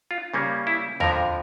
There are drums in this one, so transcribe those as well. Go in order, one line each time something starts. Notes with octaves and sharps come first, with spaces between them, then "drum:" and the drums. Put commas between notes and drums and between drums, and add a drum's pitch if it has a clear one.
F4
C#3 G3 A#3 C#4
E4
F2 D3 F3 A#4, drum: tom D#2